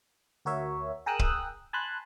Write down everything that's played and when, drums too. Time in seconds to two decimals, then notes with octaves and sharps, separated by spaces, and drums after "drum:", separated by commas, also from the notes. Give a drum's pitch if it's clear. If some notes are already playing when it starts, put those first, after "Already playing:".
0.45 D2 F#4 A#4 C#5 E5
1.06 G#4 A#4 G5 D#6 E6 F#6
1.19 drum: kick
1.73 G#5 A5 B5 C6 F#6